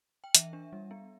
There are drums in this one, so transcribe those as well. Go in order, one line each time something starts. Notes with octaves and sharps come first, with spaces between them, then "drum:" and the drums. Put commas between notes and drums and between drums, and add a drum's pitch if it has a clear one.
G5
E3 E5, drum: hi-hat
D4
G3
B3